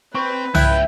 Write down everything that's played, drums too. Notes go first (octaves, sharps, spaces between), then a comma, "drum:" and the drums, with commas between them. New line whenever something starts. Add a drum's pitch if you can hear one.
C4 B4 C#6
C#2 E4 G5 F#6, drum: tom C2